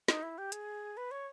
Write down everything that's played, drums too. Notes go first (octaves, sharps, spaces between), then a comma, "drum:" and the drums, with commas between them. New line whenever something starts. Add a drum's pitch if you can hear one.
D#4, drum: snare
E4
G4
G#4, drum: hi-hat
B4
C#5